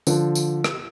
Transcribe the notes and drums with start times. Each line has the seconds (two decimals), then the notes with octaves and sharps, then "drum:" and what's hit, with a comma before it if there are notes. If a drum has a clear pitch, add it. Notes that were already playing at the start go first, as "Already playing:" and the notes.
0.07 D3 F3, drum: tambourine
0.35 drum: tambourine
0.64 drum: rim click